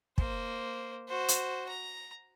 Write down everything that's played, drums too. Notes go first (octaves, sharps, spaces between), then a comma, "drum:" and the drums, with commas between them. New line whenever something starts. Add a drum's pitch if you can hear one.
A#3 C5, drum: kick
F#4 C5
drum: hi-hat
A#5